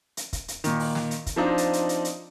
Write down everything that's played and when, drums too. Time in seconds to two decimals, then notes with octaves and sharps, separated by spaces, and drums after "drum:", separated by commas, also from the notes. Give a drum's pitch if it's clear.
0.17 drum: hi-hat
0.33 drum: kick, hi-hat
0.48 drum: hi-hat
0.64 A#2 D#3, drum: hi-hat
0.80 drum: open hi-hat
0.95 drum: snare
1.11 drum: hi-hat
1.26 drum: kick, hi-hat
1.36 F3 C4 D4 D#4 C5 D#5
1.58 drum: hi-hat
1.73 drum: hi-hat
1.89 drum: hi-hat
2.05 drum: hi-hat